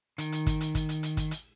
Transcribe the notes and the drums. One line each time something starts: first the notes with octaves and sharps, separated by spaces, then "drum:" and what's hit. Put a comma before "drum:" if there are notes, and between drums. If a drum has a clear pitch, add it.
D#3, drum: hi-hat
drum: hi-hat
drum: kick G#1, hi-hat
drum: hi-hat
drum: kick G#1, hi-hat
drum: hi-hat
drum: hi-hat
drum: kick G#1, hi-hat
drum: hi-hat